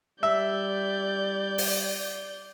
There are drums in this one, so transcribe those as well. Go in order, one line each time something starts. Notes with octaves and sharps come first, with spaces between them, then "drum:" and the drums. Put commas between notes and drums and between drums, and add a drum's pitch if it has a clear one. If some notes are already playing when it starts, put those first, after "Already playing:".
G3 D5 E5 G6
drum: open hi-hat